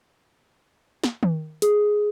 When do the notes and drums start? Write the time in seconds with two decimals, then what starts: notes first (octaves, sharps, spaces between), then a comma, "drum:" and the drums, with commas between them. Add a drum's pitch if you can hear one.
1.04 drum: snare
1.23 drum: tom D#3
1.62 G#4, drum: hi-hat